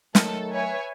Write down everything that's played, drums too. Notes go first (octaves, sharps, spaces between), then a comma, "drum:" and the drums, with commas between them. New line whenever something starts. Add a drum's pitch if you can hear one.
D#3 F#3 A3 A4, drum: snare
B4 C#5 E5 G#5